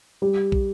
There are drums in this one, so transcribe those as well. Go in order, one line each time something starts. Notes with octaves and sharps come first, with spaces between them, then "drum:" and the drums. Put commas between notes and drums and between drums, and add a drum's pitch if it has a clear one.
G3
drum: kick